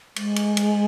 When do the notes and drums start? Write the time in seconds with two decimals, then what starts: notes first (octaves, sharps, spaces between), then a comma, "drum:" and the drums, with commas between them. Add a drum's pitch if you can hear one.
0.16 G#3, drum: cymbal
0.36 drum: cymbal
0.57 drum: cymbal